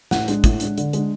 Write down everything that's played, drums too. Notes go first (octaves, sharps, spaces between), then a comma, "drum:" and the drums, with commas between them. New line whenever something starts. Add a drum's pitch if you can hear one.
A2 F#5, drum: snare
G#3 D4, drum: hi-hat
A2, drum: kick, hi-hat
G#3 D4, drum: hi-hat
D3, drum: hi-hat
G#3 D4, drum: hi-hat